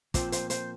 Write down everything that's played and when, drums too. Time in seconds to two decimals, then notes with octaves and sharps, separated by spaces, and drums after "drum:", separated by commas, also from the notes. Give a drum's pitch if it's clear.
0.14 A#2 F3 C4 C5, drum: kick, hi-hat
0.32 C5, drum: hi-hat
0.50 C5, drum: hi-hat